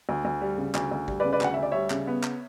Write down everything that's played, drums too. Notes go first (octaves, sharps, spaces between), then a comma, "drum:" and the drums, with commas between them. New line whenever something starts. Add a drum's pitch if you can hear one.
D2
D2
G3
C#3
D2, drum: clap
D2
G3, drum: kick
B4 D5
C#3
B4 D5
D2 F#5, drum: clap
D2 E5
D5
G3 C#5 E5
C#3, drum: clap
B3
drum: clap